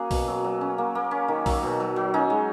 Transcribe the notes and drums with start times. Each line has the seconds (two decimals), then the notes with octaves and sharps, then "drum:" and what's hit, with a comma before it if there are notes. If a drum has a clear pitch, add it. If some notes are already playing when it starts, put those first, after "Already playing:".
Already playing: A#3 C#4 F#4 G#4
0.11 B2, drum: kick B1, open hi-hat
0.28 F#3
0.44 F#3
0.61 C#4
0.78 A#3
0.95 A#3
1.11 C#4
1.28 D#3
1.46 F#3, drum: kick B1, open hi-hat
1.63 B2
1.80 F#3
1.96 F#3
2.14 C#4 D#4
2.30 G#3